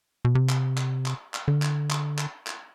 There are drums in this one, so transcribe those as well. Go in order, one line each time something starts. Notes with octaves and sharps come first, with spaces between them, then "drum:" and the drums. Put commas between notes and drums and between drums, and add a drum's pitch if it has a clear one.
B2
C3
drum: clap
drum: clap
drum: clap
drum: clap
D3
drum: clap
drum: clap
drum: clap
drum: clap